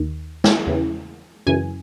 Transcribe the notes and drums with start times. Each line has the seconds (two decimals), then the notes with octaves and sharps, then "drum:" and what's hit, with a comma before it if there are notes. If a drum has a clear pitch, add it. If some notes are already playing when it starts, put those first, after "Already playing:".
Already playing: D#2 D#3
0.44 drum: snare
0.67 E2 C#3 E3
1.47 F#2 C#3 E3 G#5